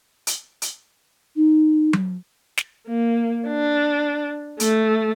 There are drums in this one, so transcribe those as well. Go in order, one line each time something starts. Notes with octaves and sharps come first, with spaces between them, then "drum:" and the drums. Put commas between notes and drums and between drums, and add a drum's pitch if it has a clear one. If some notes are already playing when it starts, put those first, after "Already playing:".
drum: hi-hat
drum: hi-hat
D#4
drum: tom F#3
drum: snare
A#3
D4
A3, drum: hi-hat